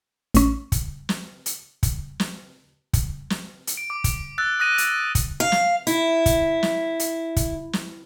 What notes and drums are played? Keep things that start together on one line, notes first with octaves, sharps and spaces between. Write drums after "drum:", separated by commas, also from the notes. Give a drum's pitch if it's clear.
A1 C#4, drum: hi-hat
drum: kick, hi-hat
drum: snare
drum: hi-hat
drum: kick, hi-hat
drum: snare
drum: kick, hi-hat
drum: snare
drum: hi-hat
D7
D6
drum: kick, hi-hat
E6 F#6 A6
D#6 F#6 A#6 D#7
drum: hi-hat
drum: kick, hi-hat
F5
drum: snare
E4, drum: hi-hat
drum: kick, hi-hat
drum: snare
drum: hi-hat
drum: kick, hi-hat
drum: snare